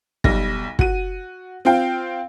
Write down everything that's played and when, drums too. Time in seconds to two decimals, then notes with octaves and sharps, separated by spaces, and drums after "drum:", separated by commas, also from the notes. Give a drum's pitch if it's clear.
0.24 B1 G3 A#6, drum: kick
0.79 F#4 D#7, drum: kick
1.65 C4 F4 F5 G5